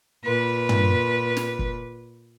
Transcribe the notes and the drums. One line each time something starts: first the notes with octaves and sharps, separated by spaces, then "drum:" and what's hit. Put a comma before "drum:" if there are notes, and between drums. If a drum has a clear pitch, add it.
A#2 B4
drum: tom
drum: snare
drum: kick